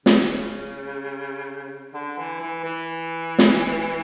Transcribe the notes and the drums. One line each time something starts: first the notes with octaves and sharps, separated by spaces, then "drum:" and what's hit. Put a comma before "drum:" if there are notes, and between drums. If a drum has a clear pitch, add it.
C#3, drum: snare
D3
E3
E3
E3
drum: snare